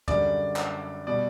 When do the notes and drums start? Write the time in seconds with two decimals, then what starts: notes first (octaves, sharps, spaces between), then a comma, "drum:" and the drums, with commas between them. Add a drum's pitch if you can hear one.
0.08 F#2 D3 G3 D5, drum: tom
0.56 drum: clap
1.07 B2 G3 D5